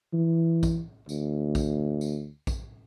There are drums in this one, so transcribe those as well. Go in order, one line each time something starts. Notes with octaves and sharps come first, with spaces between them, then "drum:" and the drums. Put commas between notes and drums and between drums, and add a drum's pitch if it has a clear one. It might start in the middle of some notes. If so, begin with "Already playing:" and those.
E3
drum: kick A#1, tambourine
D2, drum: tambourine
drum: kick A#1, tambourine
drum: tambourine
drum: kick A#1, tambourine